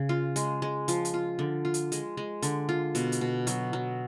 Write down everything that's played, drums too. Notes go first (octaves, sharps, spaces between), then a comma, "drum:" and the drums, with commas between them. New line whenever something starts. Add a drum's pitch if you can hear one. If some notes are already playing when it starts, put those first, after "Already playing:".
Already playing: C#3
F4
G#3, drum: hi-hat
G#3
F3, drum: hi-hat
drum: hi-hat
F4
D3
F4
drum: hi-hat
G#3, drum: hi-hat
G#3
D3, drum: hi-hat
F4
B2, drum: hi-hat
drum: hi-hat
B2
F#3, drum: hi-hat
F#3